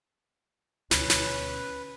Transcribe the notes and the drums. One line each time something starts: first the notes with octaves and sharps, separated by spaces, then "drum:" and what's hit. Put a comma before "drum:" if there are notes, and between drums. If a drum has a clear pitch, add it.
D2 B2 C#4 B4, drum: snare
drum: snare